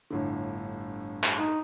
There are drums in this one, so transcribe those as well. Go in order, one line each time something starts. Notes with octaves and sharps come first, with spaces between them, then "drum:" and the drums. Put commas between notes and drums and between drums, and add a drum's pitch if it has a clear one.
G1 A2 D3
drum: clap
D#4